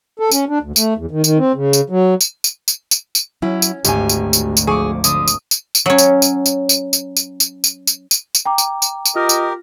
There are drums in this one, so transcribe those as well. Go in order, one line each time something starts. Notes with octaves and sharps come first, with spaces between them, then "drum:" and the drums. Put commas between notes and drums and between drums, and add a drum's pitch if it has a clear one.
A4
C#4, drum: tambourine
D4
D2
A3, drum: tambourine
E2
D#3
D#3, drum: tambourine
C4
C#3
drum: tambourine
F#3
drum: tambourine
drum: tambourine
drum: tambourine
drum: tambourine
drum: tambourine
F#3 C#4 E4
drum: tambourine
G#1 D2 G4 G#5, drum: tambourine
drum: tambourine
drum: tambourine
drum: tambourine
F3 G#4 C#6 D6
D3 D#6, drum: tambourine
drum: tambourine
drum: tambourine
drum: tambourine
F#3 C#4
drum: tambourine
drum: tambourine
drum: tambourine
drum: tambourine
drum: tambourine
drum: tambourine
drum: tambourine
drum: tambourine
drum: tambourine
drum: tambourine
drum: tambourine
G5 A#5 D6
drum: tambourine
drum: tambourine
drum: tambourine
F4 G4 A#4 D#5 F6 A#6
drum: tambourine